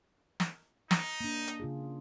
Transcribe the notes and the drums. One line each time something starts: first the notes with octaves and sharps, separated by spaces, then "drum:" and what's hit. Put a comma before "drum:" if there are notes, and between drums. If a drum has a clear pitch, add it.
drum: snare
D#4, drum: snare
A#3 D4
drum: hi-hat
C#3 F4 G#4